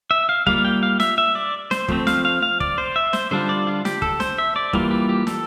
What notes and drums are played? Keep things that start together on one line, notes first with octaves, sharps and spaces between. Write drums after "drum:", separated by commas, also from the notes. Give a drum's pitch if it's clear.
E5
F5
G3 A#3 F4 F5, drum: kick
G5
F5
E5, drum: snare
E5
D5
C5, drum: snare
F3 A3 C4, drum: kick
F5, drum: snare
F5
F5
D5, drum: kick
C5
E5
C5, drum: snare
D3 G3 D4 F4 C5
D5
F4
G4, drum: snare
A4, drum: kick
C5, drum: snare
E5
D5
E3 G3 A#3 F4, drum: kick
G4
G4
A4, drum: snare